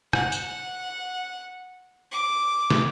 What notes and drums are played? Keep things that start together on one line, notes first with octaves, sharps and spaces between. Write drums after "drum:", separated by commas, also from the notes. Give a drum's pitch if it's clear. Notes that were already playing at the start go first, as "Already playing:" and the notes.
F#5, drum: rim click
drum: tambourine
D6
drum: snare